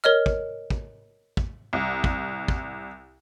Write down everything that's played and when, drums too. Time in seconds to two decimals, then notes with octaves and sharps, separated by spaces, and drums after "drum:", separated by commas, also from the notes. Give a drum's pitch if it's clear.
0.04 A#4 C#5 D#5 F6
0.26 drum: kick
0.70 drum: kick
1.37 drum: kick
1.73 C2
2.04 drum: kick
2.48 drum: kick